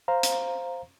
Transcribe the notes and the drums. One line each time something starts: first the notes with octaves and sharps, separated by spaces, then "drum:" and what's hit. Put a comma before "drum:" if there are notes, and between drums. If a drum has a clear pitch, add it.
C5 F5 A#5
drum: hi-hat